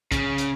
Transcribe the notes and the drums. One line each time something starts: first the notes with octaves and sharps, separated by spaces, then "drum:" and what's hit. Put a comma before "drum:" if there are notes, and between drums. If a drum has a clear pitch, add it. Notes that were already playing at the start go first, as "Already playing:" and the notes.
C#3, drum: kick, hi-hat
drum: hi-hat